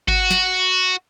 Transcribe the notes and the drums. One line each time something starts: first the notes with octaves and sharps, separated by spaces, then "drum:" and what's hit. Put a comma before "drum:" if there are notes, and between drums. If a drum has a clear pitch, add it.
F#4, drum: kick G1
drum: snare